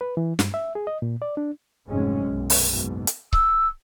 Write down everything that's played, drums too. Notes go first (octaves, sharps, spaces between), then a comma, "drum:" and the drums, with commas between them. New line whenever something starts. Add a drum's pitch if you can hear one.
B4
E3
G2, drum: snare
E5
G#4
D#5
A#2
D5
D4
F1 G#2 C3 F#3 G#3 C#4
B1 F#2
drum: open hi-hat
F#1 G#2 B2
drum: hi-hat
E6, drum: kick C#1